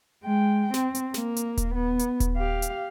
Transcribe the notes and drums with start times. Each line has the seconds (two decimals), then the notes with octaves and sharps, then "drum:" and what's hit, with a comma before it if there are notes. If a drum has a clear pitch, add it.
0.24 G#3 G5
0.74 C4, drum: snare
0.95 drum: hi-hat
1.14 A#3, drum: snare
1.37 drum: hi-hat
1.57 drum: kick D#1, hi-hat
1.75 B3
1.99 drum: hi-hat
2.20 drum: kick D#1, hi-hat
2.36 G4 F5
2.62 drum: hi-hat